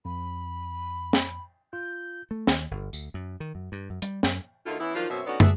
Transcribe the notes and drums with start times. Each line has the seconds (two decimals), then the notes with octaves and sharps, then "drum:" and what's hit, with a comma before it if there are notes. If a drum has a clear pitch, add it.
0.05 F2 B5
1.13 drum: snare
1.73 F4 G6
2.31 A3
2.47 D#2, drum: snare
2.71 G1
2.93 D2, drum: tambourine
3.14 F#2
3.40 D#3
3.55 F#2
3.72 G2
3.90 F#2
4.02 G3, drum: hi-hat
4.23 F#2, drum: snare
4.66 D2 D3 D#3 E4 F4
4.80 E3 B3 C#4 E4
4.95 D#3 F3 F#3 D4 F4
5.10 F#2 B2 C4 C#5 E5
5.27 D3 B3 C#4 D#4 F#4 D5
5.40 D4 F#4 G#4 E5, drum: tom